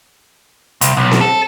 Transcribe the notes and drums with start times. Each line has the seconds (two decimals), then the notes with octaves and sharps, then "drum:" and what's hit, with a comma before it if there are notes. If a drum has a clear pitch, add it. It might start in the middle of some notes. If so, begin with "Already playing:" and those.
0.81 C2, drum: hi-hat
0.97 B1
1.11 drum: snare C4
1.21 A4